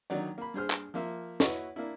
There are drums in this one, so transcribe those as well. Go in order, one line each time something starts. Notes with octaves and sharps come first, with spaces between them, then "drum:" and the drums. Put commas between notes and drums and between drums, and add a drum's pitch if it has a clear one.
D3 D#3 F#3 D#4 D5
A#3 B5
G2 G#4 C5 F6
drum: clap
F3 A#3 E5
E4 F#4 B4 C#5 D#5 C#6, drum: snare
A#3 D4 E4